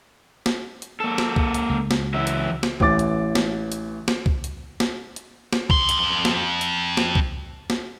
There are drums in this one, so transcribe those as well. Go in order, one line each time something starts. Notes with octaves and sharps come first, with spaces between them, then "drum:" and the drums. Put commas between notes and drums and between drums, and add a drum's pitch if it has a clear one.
drum: snare
drum: hi-hat
A#3 A4
drum: snare
drum: kick C2
drum: hi-hat
C#2
drum: snare
E3 F#3 E5
drum: hi-hat
drum: snare
A1 E3 D6 A6, drum: kick C2
drum: hi-hat
drum: snare
drum: hi-hat
drum: snare
drum: kick C2
drum: hi-hat
drum: snare
drum: hi-hat
drum: snare
F2 C6, drum: kick C2
drum: hi-hat
drum: snare
drum: hi-hat
drum: snare
drum: kick C2
drum: snare